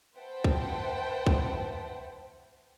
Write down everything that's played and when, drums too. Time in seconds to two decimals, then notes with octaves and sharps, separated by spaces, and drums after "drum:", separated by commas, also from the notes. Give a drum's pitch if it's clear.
0.17 B4 C5 E5 F#5 G5 A5
0.44 drum: kick
1.27 drum: kick